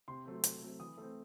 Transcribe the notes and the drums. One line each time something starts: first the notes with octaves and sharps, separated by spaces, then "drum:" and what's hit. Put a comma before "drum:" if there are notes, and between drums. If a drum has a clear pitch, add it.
C3 C6
F#3 A3 C4
C3, drum: hi-hat
F#3 A3 C4
E3 D#6
A3 C4